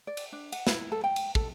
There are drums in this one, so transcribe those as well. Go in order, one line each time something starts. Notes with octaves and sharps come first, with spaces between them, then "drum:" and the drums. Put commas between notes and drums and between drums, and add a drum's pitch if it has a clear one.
D5
drum: cymbal
D4
F#5, drum: cymbal
E4, drum: snare
A4
G5
drum: cymbal
A4, drum: kick